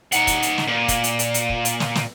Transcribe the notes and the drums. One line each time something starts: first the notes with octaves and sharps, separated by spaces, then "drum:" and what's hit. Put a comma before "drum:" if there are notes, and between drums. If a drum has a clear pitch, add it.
D#4 F#5, drum: hi-hat
drum: kick, hi-hat
drum: hi-hat
drum: snare
A#2
drum: kick, hi-hat
drum: hi-hat
drum: hi-hat
drum: hi-hat
drum: kick
drum: hi-hat
drum: snare
drum: snare